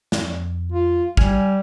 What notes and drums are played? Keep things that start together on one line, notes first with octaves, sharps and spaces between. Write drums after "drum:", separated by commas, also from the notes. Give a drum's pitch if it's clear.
F2, drum: snare
F4
G3 G#5 F6, drum: kick